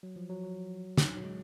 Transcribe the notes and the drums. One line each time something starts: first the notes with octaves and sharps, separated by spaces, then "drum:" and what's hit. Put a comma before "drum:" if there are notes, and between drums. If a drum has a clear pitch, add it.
F#3
F3
F#3
F#3
drum: snare
F#3
G#3